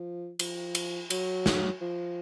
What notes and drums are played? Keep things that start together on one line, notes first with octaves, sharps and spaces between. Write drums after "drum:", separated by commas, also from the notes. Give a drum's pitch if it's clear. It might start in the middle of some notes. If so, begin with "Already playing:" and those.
Already playing: F3
F3, drum: cymbal
drum: cymbal
F#3, drum: cymbal
drum: snare
F3